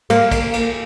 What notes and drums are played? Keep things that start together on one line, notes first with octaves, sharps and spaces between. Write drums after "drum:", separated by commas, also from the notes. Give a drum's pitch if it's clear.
A#3, drum: cymbal
drum: kick, cymbal
drum: cymbal